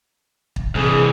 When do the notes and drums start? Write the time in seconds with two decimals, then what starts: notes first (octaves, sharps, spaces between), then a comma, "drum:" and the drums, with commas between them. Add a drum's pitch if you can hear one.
0.56 drum: kick
0.75 C2 E3 G#4